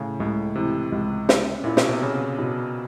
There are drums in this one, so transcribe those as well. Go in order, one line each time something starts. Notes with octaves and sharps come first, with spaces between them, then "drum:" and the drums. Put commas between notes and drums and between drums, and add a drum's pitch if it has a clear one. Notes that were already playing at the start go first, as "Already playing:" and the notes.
Already playing: A2 C#3
C#2 A2
C3 E3
C#2
C#4, drum: snare
A#2 E4
B2, drum: snare
C3
C#3 C#4
B2